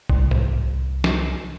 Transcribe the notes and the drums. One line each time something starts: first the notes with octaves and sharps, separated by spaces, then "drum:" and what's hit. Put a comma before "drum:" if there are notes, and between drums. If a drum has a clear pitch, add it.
C2, drum: kick A1
drum: tom G#2
drum: snare